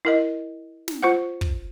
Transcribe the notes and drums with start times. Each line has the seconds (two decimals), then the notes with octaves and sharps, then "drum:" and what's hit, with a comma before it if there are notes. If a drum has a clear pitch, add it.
0.05 E4 A#4 D#5
0.88 drum: snare
1.02 F4 C5 F#5
1.41 drum: kick